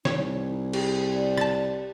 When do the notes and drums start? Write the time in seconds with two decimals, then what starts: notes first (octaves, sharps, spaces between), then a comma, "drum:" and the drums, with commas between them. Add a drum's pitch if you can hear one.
0.05 C2 D#4 C#5, drum: snare
0.73 G4 G#4, drum: cymbal
1.14 D5
1.37 A5 A6, drum: rim click